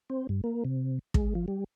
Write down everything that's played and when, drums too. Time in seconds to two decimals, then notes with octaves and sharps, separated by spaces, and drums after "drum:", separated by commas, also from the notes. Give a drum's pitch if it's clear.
0.10 C4
0.29 G2
0.44 A#3
0.65 C3
1.14 G#3, drum: kick
1.35 F3
1.48 G3